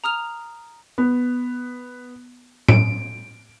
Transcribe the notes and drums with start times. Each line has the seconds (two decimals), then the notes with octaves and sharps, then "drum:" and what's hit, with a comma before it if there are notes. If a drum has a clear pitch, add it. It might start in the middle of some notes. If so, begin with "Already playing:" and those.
0.04 A#5 D#6 F6 F7
0.98 B3
2.68 D7, drum: tom A2